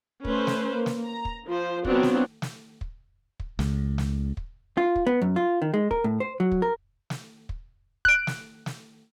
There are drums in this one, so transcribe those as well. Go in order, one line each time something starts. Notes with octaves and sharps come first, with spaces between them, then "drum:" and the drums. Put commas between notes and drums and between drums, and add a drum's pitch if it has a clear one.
A3 C#4 B4 C5, drum: kick
drum: snare
A#3
drum: snare
A#5
drum: kick
F3 C5
F#3 B3 C4 D4 F4 F#4, drum: kick
drum: snare
drum: snare
drum: kick
drum: kick
C#2, drum: snare
drum: snare
drum: kick
F4
drum: kick
B3
F#2
F4
D#3
G#3
A#4, drum: kick
A2
C5
F#3
drum: kick
A#4
drum: snare
drum: kick
F#6 D7, drum: kick
drum: snare
drum: snare